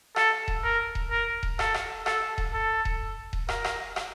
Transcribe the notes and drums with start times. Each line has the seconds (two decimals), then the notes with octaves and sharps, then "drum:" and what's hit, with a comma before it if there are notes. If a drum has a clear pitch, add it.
0.16 A4, drum: rim click
0.48 drum: kick D#1
0.64 A#4
0.95 drum: kick D#1
1.11 A#4
1.43 drum: kick D#1
1.59 A4, drum: rim click
1.74 drum: rim click
2.06 A4, drum: rim click
2.38 drum: kick D#1
2.53 A4
2.85 drum: kick D#1
3.33 drum: kick D#1
3.49 A#4, drum: rim click
3.64 drum: rim click
3.96 drum: rim click